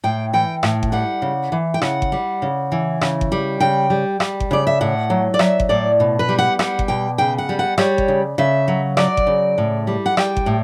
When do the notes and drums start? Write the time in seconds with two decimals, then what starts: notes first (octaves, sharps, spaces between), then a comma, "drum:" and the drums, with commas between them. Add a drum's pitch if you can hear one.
0.04 A2 G5
0.33 E3 G5
0.63 A2, drum: rim click
0.83 drum: kick G1
0.92 G3 F#5
1.22 C#3
1.52 E3
1.74 G5
1.82 C#3 F#5, drum: rim click
2.02 drum: kick G1
2.12 G3
2.42 C#3
2.72 E3
3.01 C#3, drum: rim click
3.21 drum: kick G1
3.32 G3
3.60 C#3 G5
3.90 G3
4.20 G3, drum: rim click
4.40 drum: kick G1
4.51 C#3 D5
4.67 E5
4.81 A2 F#5
5.10 F#3
5.34 D5
5.39 F#3 E5, drum: rim click
5.60 drum: kick G1
5.69 A2 D5
6.00 B2
6.19 B4
6.29 G3
6.39 F#5
6.59 G3 F#5, drum: rim click
6.79 drum: kick G1
6.88 B2 G5
7.18 C#3 G5
7.38 F#5
7.49 G3
7.59 F#5
7.78 G3 C#5, drum: rim click
7.98 drum: kick G1
8.08 C#3
8.38 C#3 E5
8.68 F#3
8.97 F#3 D5, drum: rim click
9.17 drum: kick G1
9.27 C#3
9.58 A2
9.87 G3
10.06 F#5
10.17 G3 G5, drum: rim click
10.37 drum: kick G1
10.46 A2